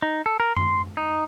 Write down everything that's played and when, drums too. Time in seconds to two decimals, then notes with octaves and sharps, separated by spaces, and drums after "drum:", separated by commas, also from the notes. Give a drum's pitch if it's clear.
0.02 D#4
0.26 A4
0.40 A#4
0.57 C6, drum: tom F#2
0.97 D#4